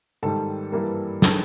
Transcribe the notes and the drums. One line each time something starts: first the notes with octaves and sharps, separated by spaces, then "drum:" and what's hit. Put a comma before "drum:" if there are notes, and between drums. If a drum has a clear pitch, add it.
G#2 D#3 G3 A4 A5
G2 E3 G3 A#3
D#3 G#3 A4 A5, drum: snare